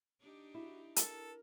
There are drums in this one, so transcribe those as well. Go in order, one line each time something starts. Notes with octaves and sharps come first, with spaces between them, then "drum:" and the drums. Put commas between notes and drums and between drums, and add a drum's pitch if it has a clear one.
D4 D#4 G4
E4 F#4
A4 A#4, drum: hi-hat